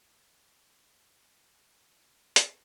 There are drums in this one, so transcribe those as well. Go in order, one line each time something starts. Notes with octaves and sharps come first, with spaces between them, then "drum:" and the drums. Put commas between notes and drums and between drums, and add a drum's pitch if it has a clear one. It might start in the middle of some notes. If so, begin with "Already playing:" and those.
F2 D3 B4 A5 C#6
drum: hi-hat